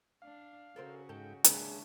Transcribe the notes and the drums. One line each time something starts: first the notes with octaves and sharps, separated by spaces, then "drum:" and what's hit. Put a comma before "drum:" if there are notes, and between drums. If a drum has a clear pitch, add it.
D4 F5
C#3 F#4 A4 A#4 C5
G#2 A4 G5
D#2 C#3 G#3 D4 G#4 E5, drum: hi-hat